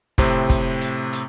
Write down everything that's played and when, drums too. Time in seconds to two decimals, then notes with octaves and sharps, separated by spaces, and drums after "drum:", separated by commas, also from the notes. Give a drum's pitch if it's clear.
0.18 A2 C3 C4, drum: kick, hi-hat
0.50 drum: kick, hi-hat
0.81 drum: hi-hat
1.13 drum: hi-hat